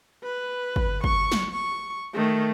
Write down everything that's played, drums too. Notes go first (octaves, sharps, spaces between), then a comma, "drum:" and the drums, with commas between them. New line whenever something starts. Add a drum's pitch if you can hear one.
B4
drum: kick
C#6, drum: kick
drum: snare
C#6
D#3 A3